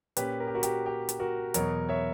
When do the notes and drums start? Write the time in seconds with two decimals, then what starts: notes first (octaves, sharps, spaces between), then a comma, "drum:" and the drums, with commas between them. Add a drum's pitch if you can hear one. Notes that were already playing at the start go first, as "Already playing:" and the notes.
0.17 A#2 A#3 C#4 G4 B4, drum: hi-hat
0.40 A#4
0.47 G4
0.55 F#4 A#4
0.63 G4, drum: hi-hat
0.86 G4
1.09 drum: hi-hat
1.20 F#4 A#4
1.54 E2 B2 F#3 B3 A#4 C#5, drum: hi-hat
1.89 C#5 E5